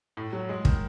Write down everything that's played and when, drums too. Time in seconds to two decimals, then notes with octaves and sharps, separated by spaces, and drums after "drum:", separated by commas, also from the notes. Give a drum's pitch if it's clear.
0.17 A2
0.32 F#3
0.49 G#3
0.65 D#3, drum: kick